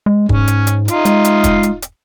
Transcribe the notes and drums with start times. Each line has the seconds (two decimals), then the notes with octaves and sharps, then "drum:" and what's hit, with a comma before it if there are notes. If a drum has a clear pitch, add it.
0.06 G#3
0.29 G#2 C#4, drum: kick
0.48 drum: hi-hat
0.67 drum: hi-hat
0.88 D#4 F4, drum: hi-hat
1.05 G#3, drum: hi-hat
1.25 drum: hi-hat
1.44 drum: kick, hi-hat
1.63 drum: hi-hat
1.82 drum: hi-hat